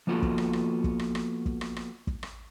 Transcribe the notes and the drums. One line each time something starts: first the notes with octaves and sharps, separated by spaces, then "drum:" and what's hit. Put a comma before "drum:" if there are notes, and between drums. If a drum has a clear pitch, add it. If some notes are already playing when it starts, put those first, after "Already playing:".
F3 A#3 B3 F4 F#4 A4
drum: kick
drum: rim click
drum: rim click
drum: kick
drum: rim click
drum: rim click
drum: kick
drum: rim click
drum: rim click
drum: kick
drum: rim click